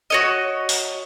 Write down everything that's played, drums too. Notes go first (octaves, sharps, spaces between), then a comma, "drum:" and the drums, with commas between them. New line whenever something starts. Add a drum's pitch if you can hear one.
F#4 C#5 D#5
drum: open hi-hat